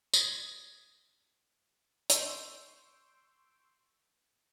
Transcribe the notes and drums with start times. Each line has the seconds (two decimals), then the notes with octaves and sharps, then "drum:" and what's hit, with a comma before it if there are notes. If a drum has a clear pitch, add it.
0.14 D#6 G#6, drum: tambourine
2.10 C6 C#6 E6 G6 C7 D7, drum: hi-hat